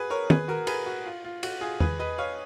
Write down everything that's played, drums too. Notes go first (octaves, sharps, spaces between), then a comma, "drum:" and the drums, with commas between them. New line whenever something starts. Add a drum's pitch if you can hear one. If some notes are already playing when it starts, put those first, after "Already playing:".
Already playing: F#4 G#4 B4
A#4 C#5
G#4 B4, drum: tom
F#4 A#4
G#4 B4, drum: cymbal
F#4
F4
F4
F#4, drum: cymbal
F4 G#4
G#4 B4, drum: tom E2
B4 D#5
C#5 F5